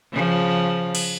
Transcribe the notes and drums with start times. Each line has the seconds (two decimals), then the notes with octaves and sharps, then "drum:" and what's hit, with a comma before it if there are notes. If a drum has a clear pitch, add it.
0.12 C#3 F3
0.95 drum: cymbal